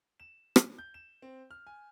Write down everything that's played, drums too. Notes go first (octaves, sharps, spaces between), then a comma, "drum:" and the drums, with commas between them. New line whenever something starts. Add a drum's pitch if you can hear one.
E7
drum: rim click
G6
E7
C4
F6
G#5